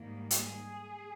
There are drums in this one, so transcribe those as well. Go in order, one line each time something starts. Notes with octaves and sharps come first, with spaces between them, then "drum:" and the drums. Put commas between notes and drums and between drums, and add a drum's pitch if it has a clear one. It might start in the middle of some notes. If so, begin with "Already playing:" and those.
Already playing: G#2 D#3 G3 A#3
G#4, drum: hi-hat